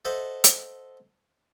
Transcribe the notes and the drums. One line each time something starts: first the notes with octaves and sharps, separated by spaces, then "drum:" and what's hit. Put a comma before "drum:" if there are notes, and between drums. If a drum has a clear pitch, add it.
A4 C5 D#5 E5 F#5 A5
drum: hi-hat